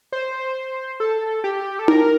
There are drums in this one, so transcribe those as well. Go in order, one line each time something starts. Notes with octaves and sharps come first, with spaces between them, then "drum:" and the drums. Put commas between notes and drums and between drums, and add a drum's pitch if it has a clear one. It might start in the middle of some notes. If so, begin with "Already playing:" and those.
C5
A4
G4
A4
A#4, drum: tom D#4